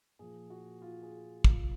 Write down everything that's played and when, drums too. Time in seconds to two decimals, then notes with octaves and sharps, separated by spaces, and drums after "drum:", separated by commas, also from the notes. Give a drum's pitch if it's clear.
0.19 A#2 F3 G#4
0.50 F#4
0.82 F4
1.03 G#4
1.44 A#2 F3 F4, drum: kick